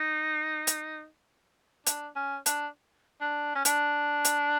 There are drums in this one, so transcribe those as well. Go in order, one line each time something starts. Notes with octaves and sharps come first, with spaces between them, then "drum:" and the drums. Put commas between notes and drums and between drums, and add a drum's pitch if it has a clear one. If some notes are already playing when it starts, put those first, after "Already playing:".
Already playing: D#4
drum: hi-hat
D4, drum: hi-hat
C#4
D4, drum: hi-hat
D4
C#4
D4, drum: hi-hat
drum: hi-hat